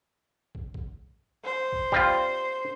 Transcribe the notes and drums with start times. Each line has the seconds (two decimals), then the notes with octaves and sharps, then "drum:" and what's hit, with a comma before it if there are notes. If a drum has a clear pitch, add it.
0.55 drum: kick
0.74 drum: kick
1.45 C5
1.72 drum: kick
1.92 G3 C4 F4, drum: kick